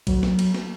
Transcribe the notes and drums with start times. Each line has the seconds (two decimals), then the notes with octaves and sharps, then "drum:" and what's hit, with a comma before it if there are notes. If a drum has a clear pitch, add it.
0.07 F#3, drum: kick, cymbal
0.23 drum: snare
0.39 drum: cymbal
0.54 drum: snare